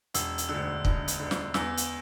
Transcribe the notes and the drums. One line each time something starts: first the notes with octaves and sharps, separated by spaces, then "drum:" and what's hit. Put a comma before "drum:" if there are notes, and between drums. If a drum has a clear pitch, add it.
E1 E6, drum: hi-hat
drum: hi-hat
D3 E6
D2
E1, drum: kick
drum: hi-hat
D2 D3
drum: snare
E2 E6, drum: snare
drum: hi-hat